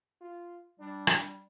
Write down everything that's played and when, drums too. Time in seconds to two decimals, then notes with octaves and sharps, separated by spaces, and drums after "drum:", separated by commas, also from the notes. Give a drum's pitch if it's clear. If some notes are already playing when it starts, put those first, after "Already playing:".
0.21 F4
0.80 G3 D4
1.07 drum: rim click